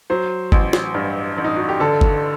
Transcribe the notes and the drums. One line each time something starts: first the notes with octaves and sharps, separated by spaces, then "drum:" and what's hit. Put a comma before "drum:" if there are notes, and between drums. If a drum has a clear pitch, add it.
F#3 C5
A1, drum: kick
drum: snare
G2
A1
D#4
F#4
G4
D3 A4
drum: kick